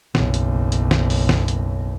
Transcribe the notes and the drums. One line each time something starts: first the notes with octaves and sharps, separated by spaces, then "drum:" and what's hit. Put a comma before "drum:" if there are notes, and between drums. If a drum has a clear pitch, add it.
F#1 B1, drum: snare
drum: hi-hat
drum: hi-hat
drum: snare
drum: open hi-hat
drum: snare
drum: hi-hat